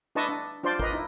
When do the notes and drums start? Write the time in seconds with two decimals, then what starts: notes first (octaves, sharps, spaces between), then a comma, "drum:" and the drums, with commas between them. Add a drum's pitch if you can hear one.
0.15 D4 E4 B4 D#5 A5 C#6
0.29 D4
0.64 D4 F4 C5 D5 C6
0.79 A#4 B4 D#5, drum: kick
0.93 D#4 E4